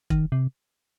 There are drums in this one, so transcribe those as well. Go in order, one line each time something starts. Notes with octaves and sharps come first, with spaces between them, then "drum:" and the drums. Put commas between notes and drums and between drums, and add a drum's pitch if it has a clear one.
D#3, drum: kick E1
C3